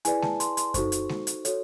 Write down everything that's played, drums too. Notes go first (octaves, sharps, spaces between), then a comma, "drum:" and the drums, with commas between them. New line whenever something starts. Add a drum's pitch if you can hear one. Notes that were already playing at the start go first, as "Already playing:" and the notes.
E4 G#4 B4 D5 G#5, drum: hi-hat
A5, drum: snare G#3
C6, drum: hi-hat
C6, drum: hi-hat
D#4 F#4 A4 C5 C#6, drum: kick F#2, hi-hat
drum: hi-hat
drum: snare G#3
drum: hi-hat
F#4 A4 C#5, drum: hi-hat